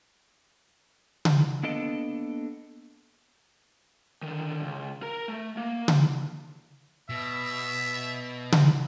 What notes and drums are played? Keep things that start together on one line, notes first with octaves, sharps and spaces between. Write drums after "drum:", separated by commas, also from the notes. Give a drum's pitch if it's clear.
drum: tom C#3
A#3 B3 D4 A4 D#5 G5
D3 D#3
C#2
A#4 A#5
A3
A#3
drum: tom C#3
B2 E5
drum: tom C#3